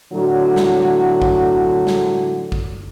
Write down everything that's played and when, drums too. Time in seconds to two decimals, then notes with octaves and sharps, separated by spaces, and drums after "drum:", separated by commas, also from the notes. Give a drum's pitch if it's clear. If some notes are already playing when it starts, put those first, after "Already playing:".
0.13 A2 D3 F#3
0.56 drum: snare
1.22 drum: kick A1
1.87 drum: snare
2.52 drum: kick A1